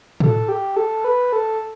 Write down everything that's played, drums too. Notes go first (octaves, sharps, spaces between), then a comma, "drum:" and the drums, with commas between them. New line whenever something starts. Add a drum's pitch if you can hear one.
A4, drum: tom A2
G4
A4
B4
A4